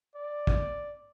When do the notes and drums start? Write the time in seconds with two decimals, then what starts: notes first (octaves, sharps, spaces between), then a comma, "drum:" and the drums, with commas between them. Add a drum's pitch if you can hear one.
0.15 D5
0.47 drum: kick